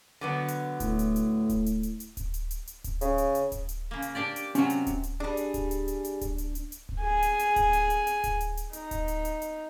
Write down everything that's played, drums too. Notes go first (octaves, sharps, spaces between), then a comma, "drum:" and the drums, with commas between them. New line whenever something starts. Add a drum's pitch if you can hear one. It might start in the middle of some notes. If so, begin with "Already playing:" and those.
D3 F#3 B3
drum: hi-hat
A2, drum: kick D1, hi-hat
drum: hi-hat
drum: hi-hat
drum: kick D1, hi-hat
drum: hi-hat
drum: hi-hat
drum: hi-hat
drum: kick D1, hi-hat
drum: hi-hat
drum: hi-hat
drum: hi-hat
drum: kick D1, hi-hat
C#3, drum: hi-hat
drum: hi-hat
drum: hi-hat
drum: kick D1, hi-hat
drum: hi-hat
C#3 A#3
drum: hi-hat
D4 G4 D5
drum: hi-hat
C3 F#3 C#4 F5 G#5, drum: hi-hat
drum: hi-hat
drum: kick D1, hi-hat
drum: hi-hat
G3 D4 G#4
drum: hi-hat
drum: kick D1, hi-hat
drum: hi-hat
drum: hi-hat
drum: hi-hat
drum: kick D1, hi-hat
drum: hi-hat
drum: hi-hat
drum: hi-hat
drum: kick D1
G#4 G#5
drum: hi-hat
drum: hi-hat
drum: kick D1, hi-hat
drum: hi-hat
drum: hi-hat
drum: hi-hat
drum: kick D1, hi-hat
drum: hi-hat
drum: hi-hat
D#4, drum: hi-hat
drum: kick D1, hi-hat
drum: hi-hat
drum: hi-hat
drum: hi-hat